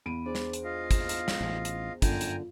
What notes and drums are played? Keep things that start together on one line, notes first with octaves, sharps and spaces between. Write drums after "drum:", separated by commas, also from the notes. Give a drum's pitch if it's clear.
E2 B3 B5 D7 D#7
D4 G#4 C5 D5
drum: snare
drum: hi-hat
F4 D#5 F5
drum: kick, hi-hat
drum: hi-hat
drum: snare
A1
drum: hi-hat
G1 F#2 D3 F4 G5 G#5 A#5, drum: kick, hi-hat
drum: hi-hat